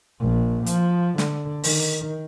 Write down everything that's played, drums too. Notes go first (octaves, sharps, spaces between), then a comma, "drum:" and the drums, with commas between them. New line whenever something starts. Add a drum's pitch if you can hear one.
A#1
F3, drum: hi-hat
D3, drum: snare
D#3, drum: open hi-hat